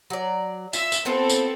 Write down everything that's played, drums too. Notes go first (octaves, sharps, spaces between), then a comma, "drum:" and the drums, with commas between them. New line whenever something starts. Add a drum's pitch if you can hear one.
F#3 D5
F4 E5 E6, drum: tambourine
drum: tambourine
B3 C4 F4 A4 C5
drum: tambourine